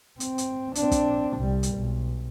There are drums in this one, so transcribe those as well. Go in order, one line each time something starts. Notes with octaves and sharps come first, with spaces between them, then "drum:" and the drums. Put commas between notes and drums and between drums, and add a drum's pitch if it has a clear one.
C4, drum: hi-hat
drum: hi-hat
C4 D4, drum: hi-hat
drum: kick, hi-hat
C2 G3
drum: hi-hat
B1